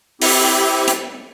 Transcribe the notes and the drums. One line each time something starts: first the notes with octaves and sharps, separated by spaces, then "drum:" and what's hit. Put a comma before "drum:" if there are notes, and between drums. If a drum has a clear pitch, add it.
C4 E4 G4, drum: open hi-hat
drum: hi-hat